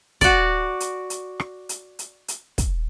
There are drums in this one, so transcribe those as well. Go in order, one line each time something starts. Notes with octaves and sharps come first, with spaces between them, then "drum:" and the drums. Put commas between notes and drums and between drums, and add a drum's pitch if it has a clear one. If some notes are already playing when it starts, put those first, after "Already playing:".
F#4 D5, drum: kick, hi-hat
drum: hi-hat
drum: hi-hat
drum: rim click
drum: hi-hat
drum: hi-hat
drum: hi-hat
drum: kick, hi-hat